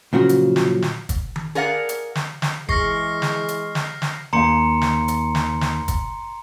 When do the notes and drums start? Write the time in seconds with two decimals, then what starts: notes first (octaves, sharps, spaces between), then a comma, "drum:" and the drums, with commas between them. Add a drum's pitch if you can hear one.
0.13 A#2 C#3 F3 F#3 F#4
0.29 drum: hi-hat
0.56 drum: snare
0.82 drum: snare
1.09 drum: kick, hi-hat
1.36 drum: tom D#3
1.55 G#4 A#4 D5 F5 F#5
1.89 drum: hi-hat
2.15 drum: snare
2.42 drum: snare
2.69 E3 G#3 G#4 C#6 F6 A#6 C7, drum: kick
3.22 drum: snare
3.48 drum: hi-hat
3.75 drum: snare
4.02 drum: snare
4.33 D#2 F5 A#5 C6 C#7
4.81 drum: snare
5.08 drum: hi-hat
5.35 drum: snare
5.61 drum: snare
5.88 drum: kick, hi-hat